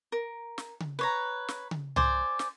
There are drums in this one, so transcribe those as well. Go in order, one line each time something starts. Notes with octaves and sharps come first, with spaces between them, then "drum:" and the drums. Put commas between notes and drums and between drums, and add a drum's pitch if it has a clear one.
A#4
drum: snare
drum: tom C#3
B4 C#5 A#5
drum: snare
drum: tom C#3
C5 D5 G#5, drum: tom C2
drum: snare